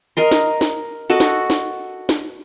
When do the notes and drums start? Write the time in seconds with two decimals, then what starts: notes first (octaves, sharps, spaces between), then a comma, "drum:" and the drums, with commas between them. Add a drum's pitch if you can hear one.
0.17 A#4 D#5 C6
0.31 drum: snare
0.61 drum: snare
1.10 F#4 A4 D#5
1.20 drum: snare
1.50 drum: snare
2.09 drum: snare